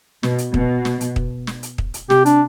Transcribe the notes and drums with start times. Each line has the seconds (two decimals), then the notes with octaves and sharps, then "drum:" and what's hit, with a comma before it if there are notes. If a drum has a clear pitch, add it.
0.23 B2, drum: snare
0.38 drum: hi-hat
0.54 B2, drum: kick
0.85 drum: snare
1.01 drum: hi-hat
1.16 drum: kick
1.47 drum: snare
1.63 drum: hi-hat
1.78 drum: kick
1.94 drum: hi-hat
2.10 C3 G4, drum: snare
2.26 D4, drum: hi-hat